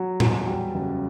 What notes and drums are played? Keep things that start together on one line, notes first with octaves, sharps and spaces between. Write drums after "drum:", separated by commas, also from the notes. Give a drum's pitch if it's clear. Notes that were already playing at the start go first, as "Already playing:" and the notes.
Already playing: F#3
E2, drum: tom A2
G3
F#1